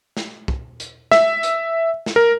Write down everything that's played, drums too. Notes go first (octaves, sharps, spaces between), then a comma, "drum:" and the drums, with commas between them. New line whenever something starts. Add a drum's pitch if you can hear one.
drum: snare
drum: kick
drum: hi-hat
E5, drum: snare
drum: hi-hat
drum: snare
A#4